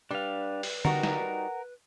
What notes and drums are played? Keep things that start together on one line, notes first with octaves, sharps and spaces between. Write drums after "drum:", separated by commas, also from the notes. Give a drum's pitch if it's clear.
G3 D4 B4 F5
drum: open hi-hat
G3 D#4 F#4 A#4 F#5, drum: tom D3
drum: snare